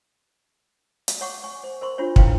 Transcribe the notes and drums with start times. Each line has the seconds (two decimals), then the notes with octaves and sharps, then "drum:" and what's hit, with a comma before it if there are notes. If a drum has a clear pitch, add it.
1.08 drum: hi-hat
1.21 C#5 F#5 C#6 D6
1.43 G#5 C#6
1.64 C5
1.81 A#4 C5 C6 C#6
1.98 D4 F4 F#4 C5 C#5
2.16 E4 B4 F5 G5 C6, drum: kick